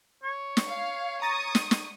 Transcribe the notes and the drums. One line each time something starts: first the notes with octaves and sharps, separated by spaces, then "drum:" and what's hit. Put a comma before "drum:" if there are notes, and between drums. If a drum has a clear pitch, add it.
C#5
drum: snare
F5
A#5 C#6 D#6 A6
drum: snare
drum: snare